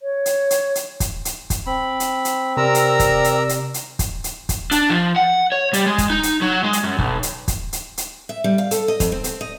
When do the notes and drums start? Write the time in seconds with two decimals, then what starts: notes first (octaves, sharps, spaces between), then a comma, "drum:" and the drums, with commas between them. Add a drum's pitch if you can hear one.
0.02 C#5
0.26 drum: hi-hat
0.50 drum: hi-hat
0.75 drum: hi-hat
1.00 drum: kick, hi-hat
1.25 drum: hi-hat
1.50 drum: kick, hi-hat
1.66 C4 B5
2.00 drum: hi-hat
2.25 drum: hi-hat
2.57 C3 A#4 D5 A#5 E6
2.75 drum: hi-hat
2.99 drum: kick, hi-hat
3.24 drum: hi-hat
3.49 drum: hi-hat
3.74 drum: hi-hat
3.99 drum: kick, hi-hat
4.24 drum: hi-hat
4.49 drum: kick, hi-hat
4.71 D4, drum: hi-hat
4.90 F3
5.16 F#5
5.52 C#5
5.73 G3, drum: hi-hat
5.86 G#3
5.98 drum: kick, hi-hat
6.10 D#4
6.23 drum: hi-hat
6.41 F#3
6.64 G#3
6.73 drum: hi-hat
6.84 F#2
6.99 B1, drum: kick
7.23 drum: hi-hat
7.48 drum: kick, hi-hat
7.73 drum: hi-hat
7.97 drum: hi-hat
8.29 E5
8.44 G3
8.58 F5
8.71 A4, drum: hi-hat
8.88 D#5
9.00 F2, drum: kick, hi-hat
9.12 C4
9.24 C4, drum: hi-hat
9.41 D#5